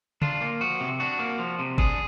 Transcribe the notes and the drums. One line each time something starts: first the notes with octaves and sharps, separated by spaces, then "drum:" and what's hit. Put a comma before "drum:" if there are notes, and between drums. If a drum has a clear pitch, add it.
D4 F4, drum: tom
A#3
F3 F#4
C3
D4 F#4
A#3
F3
C3
D4 G#4, drum: kick G1